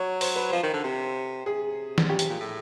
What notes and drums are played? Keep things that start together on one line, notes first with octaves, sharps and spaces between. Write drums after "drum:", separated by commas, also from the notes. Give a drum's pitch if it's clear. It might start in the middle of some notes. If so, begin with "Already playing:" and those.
Already playing: F#3 C#5
C5, drum: open hi-hat
B4
F3 C5
D#3
D3
C3
C3 G#4
drum: snare E3
C#3 G4
C3, drum: hi-hat
A#2
A2